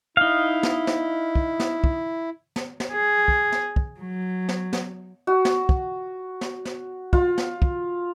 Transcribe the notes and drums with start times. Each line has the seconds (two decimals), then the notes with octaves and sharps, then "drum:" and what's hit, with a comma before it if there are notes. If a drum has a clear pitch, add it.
0.17 D#4 E4 F5
0.63 drum: snare
0.87 drum: snare
1.35 drum: kick
1.60 drum: snare
1.84 drum: kick
2.56 drum: snare
2.80 drum: snare
2.92 G#4
3.28 drum: kick
3.52 drum: snare
3.76 drum: kick
4.00 F#3
4.49 drum: snare
4.73 drum: snare
5.27 F#4
5.45 drum: snare
5.69 drum: kick
6.41 drum: snare
6.65 drum: snare
7.13 F4, drum: kick
7.38 drum: snare
7.62 drum: kick